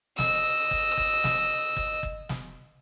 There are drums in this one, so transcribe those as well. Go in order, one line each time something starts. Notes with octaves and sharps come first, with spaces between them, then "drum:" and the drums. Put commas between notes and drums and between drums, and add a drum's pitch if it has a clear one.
D#5 E6, drum: snare
drum: kick
drum: kick
drum: snare
drum: kick
drum: kick
drum: snare